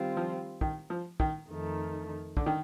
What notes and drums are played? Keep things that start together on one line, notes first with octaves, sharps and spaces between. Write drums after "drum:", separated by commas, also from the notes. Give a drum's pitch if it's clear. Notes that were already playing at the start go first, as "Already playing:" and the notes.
Already playing: D#3 G3 C4 F4
F3
D#3, drum: kick
F3
D#3, drum: kick
F2 D#3 A3
D3, drum: kick
D#3